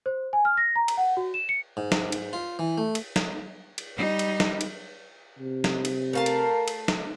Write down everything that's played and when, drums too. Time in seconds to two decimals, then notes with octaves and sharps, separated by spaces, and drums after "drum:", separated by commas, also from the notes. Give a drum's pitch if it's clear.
0.06 C5
0.33 G#5
0.45 F6
0.57 A#6
0.76 A#5
0.88 drum: cymbal
0.97 F#5
1.17 F#4
1.34 E7
1.49 C#7
1.77 G#2
1.92 drum: snare
2.12 drum: cymbal
2.33 F4
2.59 E3
2.78 A3
2.95 drum: cymbal
3.16 drum: snare
3.78 drum: cymbal
3.96 G3 D#4
4.19 drum: cymbal
4.40 drum: snare
4.61 drum: cymbal
5.39 C3
5.64 drum: snare
5.85 drum: cymbal
6.13 A3 A#4 F5 A5
6.26 drum: cymbal
6.68 drum: cymbal
6.88 drum: snare